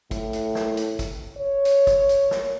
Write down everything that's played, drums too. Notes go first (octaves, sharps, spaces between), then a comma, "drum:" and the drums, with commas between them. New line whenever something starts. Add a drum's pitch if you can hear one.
A2, drum: kick, hi-hat
drum: hi-hat
drum: snare A#4
drum: hi-hat
drum: kick, hi-hat
C#5
drum: hi-hat
drum: kick, hi-hat
drum: hi-hat
drum: snare A#4